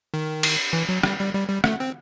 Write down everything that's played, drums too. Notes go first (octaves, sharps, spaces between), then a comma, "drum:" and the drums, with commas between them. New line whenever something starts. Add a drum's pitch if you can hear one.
D#3
drum: cymbal
E3
F#3
G3, drum: rim click
G3
G3
G3
A3, drum: rim click
C4